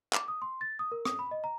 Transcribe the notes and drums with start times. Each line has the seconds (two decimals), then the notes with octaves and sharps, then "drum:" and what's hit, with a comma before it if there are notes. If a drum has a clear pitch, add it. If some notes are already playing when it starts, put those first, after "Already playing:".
0.13 D6, drum: clap
0.28 D#6
0.42 C6
0.61 A6
0.79 D#6
0.92 A#4
1.05 D#6, drum: rim click
1.19 B5
1.31 D#5
1.44 A#5